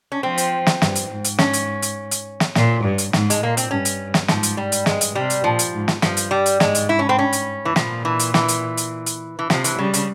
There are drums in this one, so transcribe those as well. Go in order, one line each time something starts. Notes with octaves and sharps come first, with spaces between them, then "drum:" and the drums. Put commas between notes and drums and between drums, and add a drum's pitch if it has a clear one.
C#4
F3 C4
drum: hi-hat
drum: snare
G2, drum: snare
drum: hi-hat
G#2
drum: hi-hat
C#4, drum: snare
drum: hi-hat
drum: hi-hat
drum: hi-hat
drum: snare
A#2, drum: snare
G2
drum: hi-hat
G#2, drum: snare
G#3, drum: hi-hat
A#2 A#3
C4, drum: hi-hat
G2 C#4
drum: hi-hat
drum: snare
G#2 F3, drum: snare
drum: hi-hat
G3
drum: hi-hat
G2 G#3, drum: snare
drum: hi-hat
C3 G3
drum: hi-hat
A#2 F3
drum: hi-hat
G#2
drum: snare
G2 F3, drum: snare
drum: hi-hat
G3
drum: hi-hat
G#2 G#3, drum: snare
drum: hi-hat
E4
C#4
C4
C#4
drum: hi-hat
E3
A#2 F3, drum: snare
E3
drum: hi-hat
E3, drum: snare
drum: hi-hat
drum: hi-hat
drum: hi-hat
E3
C3 F3, drum: snare
E3, drum: hi-hat
C#3 G3
C#3, drum: hi-hat